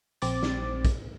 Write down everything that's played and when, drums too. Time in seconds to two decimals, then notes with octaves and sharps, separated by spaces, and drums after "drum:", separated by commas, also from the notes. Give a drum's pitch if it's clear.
0.22 A#1 C4 D6 A6, drum: hi-hat
0.43 drum: snare
0.85 drum: kick, hi-hat